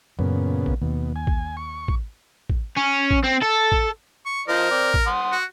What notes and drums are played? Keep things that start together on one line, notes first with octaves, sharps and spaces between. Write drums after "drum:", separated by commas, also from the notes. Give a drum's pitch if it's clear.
F#2 A#2 C#3 B3
drum: kick
D#2 B2
G#5
drum: kick
C#6
drum: kick
drum: kick
C#4
drum: kick
C4
A4
drum: kick
C#6
F3 A#4 C5 D#5
C4 D5
drum: kick
F#5 C6 D#6
F#4